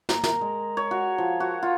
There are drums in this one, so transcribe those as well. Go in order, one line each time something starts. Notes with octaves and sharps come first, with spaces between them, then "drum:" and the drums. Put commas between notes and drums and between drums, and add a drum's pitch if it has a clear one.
A#5, drum: snare
A#4, drum: snare
G#3
C#5
F#4
F3
F#4
F4